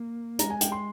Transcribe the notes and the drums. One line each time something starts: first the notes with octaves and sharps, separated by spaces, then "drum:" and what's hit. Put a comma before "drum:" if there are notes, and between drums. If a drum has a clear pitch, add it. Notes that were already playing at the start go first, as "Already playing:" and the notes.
Already playing: A#3
G#3 A#5, drum: hi-hat
G#5
G5, drum: hi-hat
C6